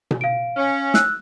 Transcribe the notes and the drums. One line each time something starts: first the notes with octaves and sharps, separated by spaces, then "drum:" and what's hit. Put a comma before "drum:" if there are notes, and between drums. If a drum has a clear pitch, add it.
drum: tom B2
F5 D7
C#4
E6 F#6, drum: snare